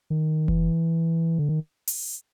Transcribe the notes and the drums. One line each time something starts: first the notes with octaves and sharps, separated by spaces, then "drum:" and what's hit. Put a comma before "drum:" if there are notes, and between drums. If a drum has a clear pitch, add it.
D#3
E3, drum: kick F1
D3
D#3
drum: open hi-hat